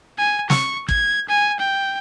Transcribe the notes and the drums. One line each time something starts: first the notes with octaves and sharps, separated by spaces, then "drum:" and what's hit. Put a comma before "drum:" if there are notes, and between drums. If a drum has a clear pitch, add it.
G#5
C#6, drum: snare
G#6, drum: kick
G#5
G5